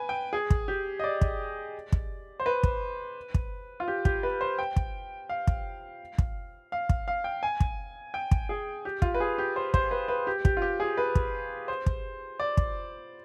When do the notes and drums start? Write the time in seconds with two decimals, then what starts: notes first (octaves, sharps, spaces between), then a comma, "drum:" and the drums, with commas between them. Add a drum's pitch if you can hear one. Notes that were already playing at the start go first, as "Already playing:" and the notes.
Already playing: B4 G#5
0.09 G5
0.33 G#4
0.50 drum: kick
0.68 G4
1.00 D#5
1.04 D5
1.21 drum: kick
1.92 drum: kick
2.40 C5
2.46 B4
2.63 drum: kick
3.34 drum: kick
3.80 F4
3.88 G4
4.05 G4, drum: kick
4.23 B4
4.41 C5
4.59 G5
4.76 drum: kick
5.29 F5
5.47 drum: kick
6.18 drum: kick
6.72 F5
6.89 drum: kick
7.08 F5
7.24 G5
7.43 G#5
7.60 drum: kick
8.14 G5
8.31 drum: kick
8.49 G#4
8.85 G4
9.02 F4, drum: kick
9.14 B4
9.20 G#4
9.38 G4
9.56 C5
9.74 C5, drum: kick
9.91 B4
10.08 B4
10.27 G4
10.45 G4, drum: kick
10.57 F4
10.62 G4
10.80 G#4
10.97 B4
11.15 drum: kick
11.68 C5
11.86 drum: kick
12.40 D5
12.57 drum: kick